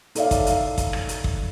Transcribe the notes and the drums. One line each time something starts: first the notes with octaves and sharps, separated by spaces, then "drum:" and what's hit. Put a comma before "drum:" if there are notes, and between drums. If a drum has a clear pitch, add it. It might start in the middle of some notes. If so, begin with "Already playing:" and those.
D#4 A4 C#5 D5 E5 F5, drum: hi-hat
drum: kick, hi-hat
drum: hi-hat
drum: kick, hi-hat
drum: rim click
drum: hi-hat
drum: kick